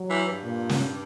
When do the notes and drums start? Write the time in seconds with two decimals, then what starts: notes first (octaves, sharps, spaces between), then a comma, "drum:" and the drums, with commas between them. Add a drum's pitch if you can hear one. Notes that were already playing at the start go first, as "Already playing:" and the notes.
Already playing: F#3
0.10 E3
0.28 G2
0.44 A#2
0.69 drum: snare